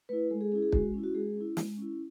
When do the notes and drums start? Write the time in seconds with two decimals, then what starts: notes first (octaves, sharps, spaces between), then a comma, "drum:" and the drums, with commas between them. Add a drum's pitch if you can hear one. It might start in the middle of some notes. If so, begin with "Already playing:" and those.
0.09 A3 E4 B4
0.30 G#3 A4
0.41 G#4
0.52 C#4 E4 G#4
0.62 G#4
0.72 G#3 F#4, drum: kick
0.94 C#4 E4
1.03 F#4
1.15 G#3 G#4
1.36 C#4
1.41 E4
1.57 G#3, drum: snare
1.78 C#4 E4